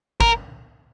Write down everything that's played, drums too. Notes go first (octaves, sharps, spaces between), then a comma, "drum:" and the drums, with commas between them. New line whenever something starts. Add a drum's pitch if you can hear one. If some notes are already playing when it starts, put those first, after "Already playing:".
A#4, drum: kick